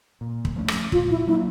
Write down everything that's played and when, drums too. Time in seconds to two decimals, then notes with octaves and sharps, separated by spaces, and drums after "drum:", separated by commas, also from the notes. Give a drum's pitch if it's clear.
0.21 A#2
0.45 drum: kick
0.56 F3 A3 C#4
0.68 drum: rim click
0.92 A#2 F4, drum: kick
1.10 E4
1.27 F#3 A#3 D4 E4